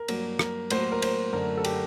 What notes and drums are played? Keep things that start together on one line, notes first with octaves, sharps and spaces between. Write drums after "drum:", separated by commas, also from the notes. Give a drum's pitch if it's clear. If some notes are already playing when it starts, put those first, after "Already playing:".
Already playing: A#4
G2 F#3 A#3, drum: cymbal
A#4, drum: rim click
A2 F#3 A#3 C5, drum: cymbal
A#4
C5, drum: cymbal
F#2 D3 A3 A#4
A4
G4, drum: cymbal